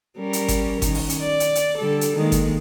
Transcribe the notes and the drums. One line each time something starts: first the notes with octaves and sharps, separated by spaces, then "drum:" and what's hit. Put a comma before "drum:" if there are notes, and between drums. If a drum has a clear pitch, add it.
G3 C#4 A#4
drum: hi-hat
drum: kick G1, hi-hat
D#3 C#4, drum: kick G1, hi-hat
drum: open hi-hat
drum: hi-hat
D5
drum: hi-hat
drum: hi-hat
D3 G3 A4
drum: hi-hat
D#3 G#3 A#3
drum: kick G1, hi-hat